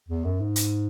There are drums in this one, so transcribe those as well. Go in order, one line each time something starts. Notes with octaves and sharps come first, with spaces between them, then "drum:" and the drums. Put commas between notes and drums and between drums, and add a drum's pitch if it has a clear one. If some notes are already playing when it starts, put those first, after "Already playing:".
E2
F#2
G#2
drum: hi-hat